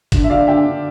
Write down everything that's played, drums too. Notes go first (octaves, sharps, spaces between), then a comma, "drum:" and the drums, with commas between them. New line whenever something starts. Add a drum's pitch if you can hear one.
D3, drum: kick G1, hi-hat
E5
D3 D5 F5
D3 E5 G5
D3